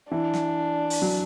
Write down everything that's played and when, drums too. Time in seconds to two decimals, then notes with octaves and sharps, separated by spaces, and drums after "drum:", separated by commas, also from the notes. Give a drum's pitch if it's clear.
0.11 E3 D4
0.34 drum: snare
0.90 drum: open hi-hat
1.02 F#3